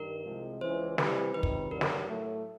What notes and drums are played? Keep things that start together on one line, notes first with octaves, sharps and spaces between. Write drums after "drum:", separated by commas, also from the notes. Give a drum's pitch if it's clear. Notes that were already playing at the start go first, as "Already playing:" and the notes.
Already playing: G2 D#3 A#4
C2 C3 F3 G#3
C#2 C#3 E3 C5
C3 E3 G3 B4, drum: snare
C#2 C3 D#3 B4
drum: kick
G2 D#3 F#3 A#4
drum: snare
A2 F#3 A3